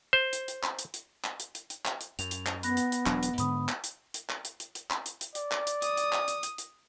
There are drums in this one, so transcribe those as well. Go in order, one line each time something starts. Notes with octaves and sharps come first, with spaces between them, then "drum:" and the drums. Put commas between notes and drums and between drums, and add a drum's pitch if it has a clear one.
C5
drum: hi-hat
drum: hi-hat
drum: clap
drum: hi-hat
drum: hi-hat
drum: clap
drum: hi-hat
drum: hi-hat
drum: hi-hat
drum: clap
drum: hi-hat
F#2 F7, drum: hi-hat
drum: hi-hat
drum: clap
B3 B5 F#6 A#6, drum: hi-hat
drum: hi-hat
drum: hi-hat
E1 F#3 D4, drum: clap
drum: hi-hat
G#2 D3 B5 D#6, drum: hi-hat
drum: clap
drum: hi-hat
drum: hi-hat
drum: clap
drum: hi-hat
drum: hi-hat
drum: hi-hat
drum: clap
drum: hi-hat
drum: hi-hat
D5, drum: hi-hat
drum: clap
drum: hi-hat
D#6, drum: hi-hat
drum: hi-hat
drum: clap
drum: hi-hat
drum: hi-hat
drum: hi-hat